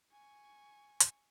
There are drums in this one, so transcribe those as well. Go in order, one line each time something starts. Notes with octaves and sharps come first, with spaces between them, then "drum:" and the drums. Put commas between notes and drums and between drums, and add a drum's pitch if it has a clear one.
G#5 C#6
drum: hi-hat